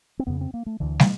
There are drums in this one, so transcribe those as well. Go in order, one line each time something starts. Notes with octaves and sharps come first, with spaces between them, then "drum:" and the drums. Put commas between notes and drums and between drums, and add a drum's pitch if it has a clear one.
C4
F2 C#3 B3
C4
A#3
A3
D2 D3 E3
E3, drum: snare